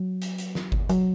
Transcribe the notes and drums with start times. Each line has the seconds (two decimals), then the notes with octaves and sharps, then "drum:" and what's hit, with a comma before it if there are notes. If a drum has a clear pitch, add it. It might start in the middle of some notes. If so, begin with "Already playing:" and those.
Already playing: F#3
0.22 drum: hi-hat
0.38 drum: hi-hat
0.55 drum: snare
0.72 drum: kick G1
0.89 F#3, drum: hi-hat